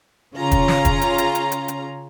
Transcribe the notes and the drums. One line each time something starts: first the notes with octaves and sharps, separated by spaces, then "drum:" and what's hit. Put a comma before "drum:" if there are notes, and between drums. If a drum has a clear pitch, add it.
C#3 C#4 F4 A#5
drum: kick, hi-hat
drum: snare
drum: kick, hi-hat
drum: hi-hat
drum: hi-hat
drum: hi-hat
drum: hi-hat
drum: hi-hat